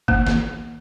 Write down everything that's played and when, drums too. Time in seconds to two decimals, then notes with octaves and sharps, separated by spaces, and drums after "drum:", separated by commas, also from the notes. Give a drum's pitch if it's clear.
0.08 A#3, drum: kick F#1
0.27 drum: snare